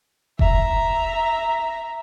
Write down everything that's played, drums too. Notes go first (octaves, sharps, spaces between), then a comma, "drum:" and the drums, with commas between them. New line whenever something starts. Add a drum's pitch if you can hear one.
E5 A#5, drum: kick F1